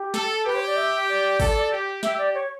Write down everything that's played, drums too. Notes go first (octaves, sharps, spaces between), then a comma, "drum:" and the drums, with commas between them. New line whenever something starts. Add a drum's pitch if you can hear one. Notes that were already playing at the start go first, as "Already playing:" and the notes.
Already playing: G4
A4, drum: snare
G4 B4
C#5
D5
E5
D5
A4, drum: kick, open hi-hat
G4
G4 E5, drum: snare
D5
C#5